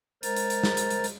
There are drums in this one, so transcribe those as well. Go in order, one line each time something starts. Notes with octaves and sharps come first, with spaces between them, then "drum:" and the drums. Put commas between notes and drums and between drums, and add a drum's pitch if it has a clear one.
G#3 A#4 C5 A#5 A6, drum: hi-hat
drum: hi-hat
drum: hi-hat
drum: snare
drum: hi-hat
drum: hi-hat
drum: hi-hat